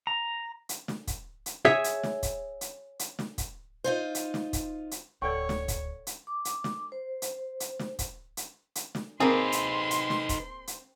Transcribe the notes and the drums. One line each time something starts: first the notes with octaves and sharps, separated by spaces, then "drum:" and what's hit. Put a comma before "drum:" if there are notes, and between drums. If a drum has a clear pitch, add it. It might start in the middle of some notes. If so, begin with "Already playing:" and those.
A#5
drum: hi-hat
drum: snare
drum: kick, hi-hat
drum: hi-hat
G#4 C#5 E5
drum: hi-hat
drum: snare
drum: kick, hi-hat
drum: hi-hat
drum: hi-hat
drum: snare
drum: kick, hi-hat
D#4 F4 C5
drum: hi-hat
drum: snare
drum: kick, hi-hat
drum: hi-hat
D1 D2 A4 C#5 D5 F#5 G5 C#6
drum: snare
drum: kick, hi-hat
drum: hi-hat
D6
drum: hi-hat
drum: snare
C5
drum: hi-hat
drum: hi-hat
drum: snare
drum: kick, hi-hat
drum: hi-hat
drum: hi-hat
drum: snare
A#3 C4 D#4 G#4 B4 C6
drum: hi-hat
drum: hi-hat
drum: snare
drum: kick, hi-hat
drum: hi-hat